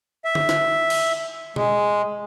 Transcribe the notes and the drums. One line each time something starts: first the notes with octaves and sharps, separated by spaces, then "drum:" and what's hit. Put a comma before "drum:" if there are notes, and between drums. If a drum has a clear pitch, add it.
E5
drum: tom D3
drum: snare
drum: cymbal
G#3, drum: tom B2